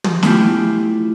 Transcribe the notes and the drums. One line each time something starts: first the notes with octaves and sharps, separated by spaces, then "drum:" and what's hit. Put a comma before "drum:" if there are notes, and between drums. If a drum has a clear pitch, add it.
drum: tom
A3 C#4 D4 E4 F4 G4, drum: snare